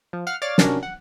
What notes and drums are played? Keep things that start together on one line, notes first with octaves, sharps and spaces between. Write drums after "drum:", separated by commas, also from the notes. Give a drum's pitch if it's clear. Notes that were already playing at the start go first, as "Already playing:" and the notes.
F3
F5 F#5 F6
C#5 D5 F5 D6 F6 A6
C3 C#4 D4 F#4 A#4, drum: snare
F#5